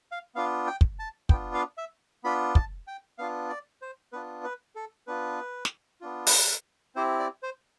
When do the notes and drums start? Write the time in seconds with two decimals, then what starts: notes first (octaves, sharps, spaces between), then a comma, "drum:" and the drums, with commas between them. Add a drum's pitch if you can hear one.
0.12 F5
0.35 B3 D4 F4 F5
0.67 G5
0.81 drum: kick
0.99 A5
1.29 B3 D4 F4 G5, drum: kick
1.54 F5
1.78 E5
2.24 B3 D4 F4 B5
2.55 A5, drum: kick
2.87 G5
3.18 B3 D4 F4 F5
3.49 D5
3.82 C5
4.12 B3 D4 F4 B4
4.44 B4
4.76 A4
5.07 B3 D4 F4 B4
5.65 drum: snare
6.01 B3 D4 F4
6.27 drum: open hi-hat
6.95 C4 E4 G4 C5
7.19 D5
7.43 C5